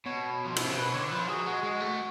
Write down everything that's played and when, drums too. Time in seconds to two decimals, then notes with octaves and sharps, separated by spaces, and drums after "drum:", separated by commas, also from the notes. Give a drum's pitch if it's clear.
0.06 B2 C#5
0.46 F3
0.56 D3, drum: cymbal
0.66 C#3
0.76 B2 B4
0.93 D3 C#5
1.11 F3 B4
1.29 F#3 G#4
1.46 G#3 F#4
1.63 G#3
1.81 A3